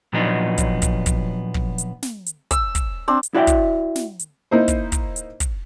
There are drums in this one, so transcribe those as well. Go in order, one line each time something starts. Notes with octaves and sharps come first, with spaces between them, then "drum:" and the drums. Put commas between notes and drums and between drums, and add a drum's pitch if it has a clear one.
A#2 F3 F#3 B3 D4 D#4
drum: kick, hi-hat
drum: kick, hi-hat
drum: kick, hi-hat
drum: kick
drum: hi-hat
drum: snare
drum: hi-hat
E6, drum: kick, hi-hat
drum: kick, hi-hat
C4 D4
drum: hi-hat
E4 F#4 D5 E5 F5 G5
drum: kick, hi-hat
drum: snare
drum: hi-hat
A#3 D#4 E4 C5
drum: kick, hi-hat
drum: kick, hi-hat
drum: hi-hat
drum: kick, hi-hat